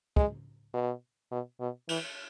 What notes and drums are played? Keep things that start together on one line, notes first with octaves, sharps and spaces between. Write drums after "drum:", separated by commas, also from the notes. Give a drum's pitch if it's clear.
G#3, drum: kick
B2
B2
B2
E3, drum: cymbal